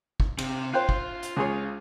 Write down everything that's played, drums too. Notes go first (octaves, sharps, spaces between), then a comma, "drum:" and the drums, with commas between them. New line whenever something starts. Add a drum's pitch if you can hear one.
drum: kick
C3, drum: cymbal
F4 C5 G5 F#6
drum: kick
drum: hi-hat
C#2 G#4 C#5